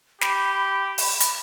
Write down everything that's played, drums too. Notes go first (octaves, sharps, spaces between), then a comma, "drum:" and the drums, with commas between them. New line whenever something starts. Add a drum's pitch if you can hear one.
G4 B5, drum: snare
drum: open hi-hat
drum: hi-hat